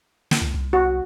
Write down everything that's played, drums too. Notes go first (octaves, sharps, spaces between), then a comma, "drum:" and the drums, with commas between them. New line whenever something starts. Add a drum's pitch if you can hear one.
drum: snare
C#2
C2
F#4